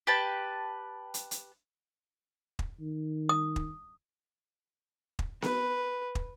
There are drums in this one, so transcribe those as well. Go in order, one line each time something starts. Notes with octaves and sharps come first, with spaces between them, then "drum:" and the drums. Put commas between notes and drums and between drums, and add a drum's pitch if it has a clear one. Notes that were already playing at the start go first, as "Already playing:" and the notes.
G4 B4 A5
drum: hi-hat
drum: hi-hat
drum: kick
D#3
D#6
drum: kick
drum: kick
B4, drum: snare B3
drum: kick